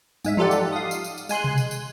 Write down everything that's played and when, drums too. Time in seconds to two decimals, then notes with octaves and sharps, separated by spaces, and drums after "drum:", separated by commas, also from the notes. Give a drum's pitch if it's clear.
0.24 G#2 G#3 E5, drum: tambourine
0.37 D#4 F4 G4 A4 D5 F#5, drum: tom E3
0.51 drum: tambourine
0.73 F5 D#6
0.91 drum: tambourine
1.04 drum: tambourine
1.18 drum: tambourine
1.29 G#3 G#5 C6 F#6, drum: tambourine
1.44 drum: tom B2
1.58 drum: tambourine
1.71 drum: tambourine